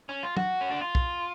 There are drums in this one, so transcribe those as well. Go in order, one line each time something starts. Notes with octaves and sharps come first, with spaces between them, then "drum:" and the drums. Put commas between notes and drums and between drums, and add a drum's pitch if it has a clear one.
C#4
F4
F#4, drum: tom
C#4
D4
F4
drum: kick